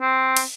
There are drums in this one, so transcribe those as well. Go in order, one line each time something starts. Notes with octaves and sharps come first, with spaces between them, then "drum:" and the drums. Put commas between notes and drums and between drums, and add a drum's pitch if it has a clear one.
C4
drum: cymbal